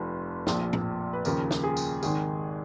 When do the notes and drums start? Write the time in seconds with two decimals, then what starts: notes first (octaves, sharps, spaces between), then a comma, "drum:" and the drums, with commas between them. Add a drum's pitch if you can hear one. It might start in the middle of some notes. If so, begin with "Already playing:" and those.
Already playing: F1 F2 F3 B4
0.47 A#1 A#2 F3, drum: snare
0.73 drum: tom A2
1.13 B4
1.25 D#2 C#3 F3 A#4, drum: tambourine
1.51 drum: snare
1.64 G#4
1.77 drum: tambourine
2.03 G#1 G#2 D#3 G#4, drum: tambourine